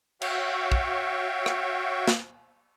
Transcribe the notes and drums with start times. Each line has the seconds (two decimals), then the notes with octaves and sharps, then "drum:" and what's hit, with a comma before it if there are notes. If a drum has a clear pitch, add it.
0.22 F#4 C#5 E5 F5 G5, drum: cymbal
0.72 drum: kick
1.46 drum: rim click
2.08 drum: snare